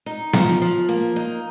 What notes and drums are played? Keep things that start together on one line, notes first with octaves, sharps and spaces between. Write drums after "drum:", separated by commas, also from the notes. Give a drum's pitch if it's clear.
D#4
F3, drum: snare B3
F3
A#3
D#4